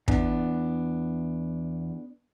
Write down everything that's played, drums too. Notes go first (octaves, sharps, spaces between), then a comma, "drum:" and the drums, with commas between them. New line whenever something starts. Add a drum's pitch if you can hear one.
E2 B3 D4, drum: kick